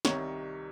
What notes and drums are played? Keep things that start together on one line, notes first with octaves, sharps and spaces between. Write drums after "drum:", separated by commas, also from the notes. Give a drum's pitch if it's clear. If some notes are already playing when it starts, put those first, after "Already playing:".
C2 C3 D#3 G3 C#5, drum: snare